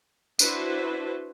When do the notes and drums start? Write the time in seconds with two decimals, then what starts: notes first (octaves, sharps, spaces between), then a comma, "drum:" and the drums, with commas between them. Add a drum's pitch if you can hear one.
0.39 D4 E4 F#4 B4 C5, drum: tambourine